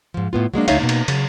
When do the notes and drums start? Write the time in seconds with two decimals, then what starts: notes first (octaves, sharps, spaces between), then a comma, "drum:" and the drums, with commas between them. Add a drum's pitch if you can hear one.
0.14 G#2 F3
0.33 A2 B3 F4
0.53 F#3 G#3 A#3 D4
0.68 D2 A3 D#4 C#5 E5 F5, drum: cymbal
0.80 B2 F#3 A#3 D#4
0.89 drum: cymbal
1.08 C#3 F#3, drum: cymbal